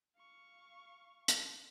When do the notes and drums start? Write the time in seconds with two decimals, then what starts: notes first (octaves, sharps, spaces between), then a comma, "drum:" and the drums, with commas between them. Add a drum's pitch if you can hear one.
0.16 F5 C#6
1.28 drum: hi-hat